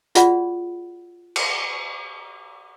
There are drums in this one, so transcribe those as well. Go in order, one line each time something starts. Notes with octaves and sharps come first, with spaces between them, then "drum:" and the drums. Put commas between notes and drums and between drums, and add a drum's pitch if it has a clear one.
F4 F#4 G#4 D5 F#5 B5, drum: hi-hat
drum: cymbal